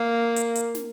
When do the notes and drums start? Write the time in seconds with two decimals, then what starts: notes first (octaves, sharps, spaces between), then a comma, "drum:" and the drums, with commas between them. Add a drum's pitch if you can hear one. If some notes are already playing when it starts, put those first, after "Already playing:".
Already playing: A#3
0.36 drum: hi-hat
0.55 drum: hi-hat
0.75 drum: snare